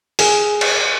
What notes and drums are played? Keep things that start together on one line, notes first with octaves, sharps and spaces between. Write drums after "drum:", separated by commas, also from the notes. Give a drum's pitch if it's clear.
G#4, drum: open hi-hat
drum: cymbal